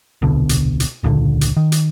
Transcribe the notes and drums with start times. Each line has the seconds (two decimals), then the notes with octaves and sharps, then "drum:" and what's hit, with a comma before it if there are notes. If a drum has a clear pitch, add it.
0.22 D#1 C2 B2 D3
0.49 drum: hi-hat
0.80 drum: hi-hat
1.03 E1 C#2 A#2 D3
1.41 drum: hi-hat
1.57 D#3
1.72 drum: hi-hat